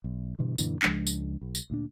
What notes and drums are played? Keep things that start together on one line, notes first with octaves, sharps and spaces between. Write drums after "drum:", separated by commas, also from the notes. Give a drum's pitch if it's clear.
B1
G2 B2 D3 E3
F#2 A#2 D3 E3, drum: tambourine
C#2 F3 G#3 D4, drum: clap
drum: tambourine
B1
drum: tambourine
D2 A#2 D4